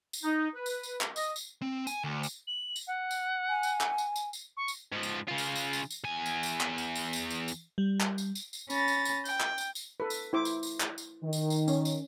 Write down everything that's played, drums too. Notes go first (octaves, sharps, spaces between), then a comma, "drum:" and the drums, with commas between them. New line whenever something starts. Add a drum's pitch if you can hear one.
drum: tambourine
D#4
B4
drum: tambourine
drum: tambourine
drum: clap
D#5, drum: tambourine
drum: tambourine
C4
G#5, drum: tambourine
D2
drum: tambourine
F#7
drum: tambourine
F#5
drum: tambourine
G#5
drum: tambourine
drum: clap
drum: tambourine
drum: tambourine
drum: tambourine
C#6
drum: tambourine
G#2 F3
drum: tambourine
C#3 F4
drum: tambourine
drum: tambourine
drum: tambourine
drum: tambourine
E2 G#5
drum: tambourine
drum: tambourine
drum: clap
drum: tambourine
drum: tambourine
drum: tambourine
drum: tambourine
drum: tambourine
G3
drum: clap
drum: tambourine
drum: tambourine
drum: tambourine
C#4 B5 A6 A#6, drum: tambourine
drum: tambourine
drum: tambourine
G5, drum: tambourine
drum: clap
drum: tambourine
drum: tambourine
A4 B4
drum: tambourine
E4 C5 D6
drum: tambourine
drum: tambourine
drum: clap
drum: tambourine
D#3
drum: tambourine
drum: tambourine
C#4, drum: tambourine
drum: tambourine